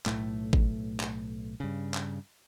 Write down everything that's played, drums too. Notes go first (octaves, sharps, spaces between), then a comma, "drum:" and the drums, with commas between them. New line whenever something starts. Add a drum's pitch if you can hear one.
B1 A2 A3, drum: clap
drum: kick G#1
drum: clap
G2 C#3
drum: clap